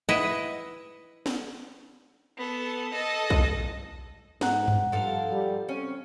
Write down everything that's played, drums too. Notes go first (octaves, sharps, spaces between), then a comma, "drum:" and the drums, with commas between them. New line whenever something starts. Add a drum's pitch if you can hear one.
E4 B4 D#5 E5 F#5
drum: snare
B3 A4
A4 D#5
drum: kick
G#2 F#5 A#5, drum: snare
drum: tom G2
G2 F3 A4 F5
G3
C4 C#4